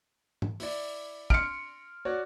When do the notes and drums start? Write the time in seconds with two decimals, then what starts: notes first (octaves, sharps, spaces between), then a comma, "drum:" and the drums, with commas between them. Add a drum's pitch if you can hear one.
0.42 drum: tom G#2
0.60 E4 D5, drum: open hi-hat
1.30 C6 F6 C#7 D7, drum: kick
2.05 F#4 C#5 D5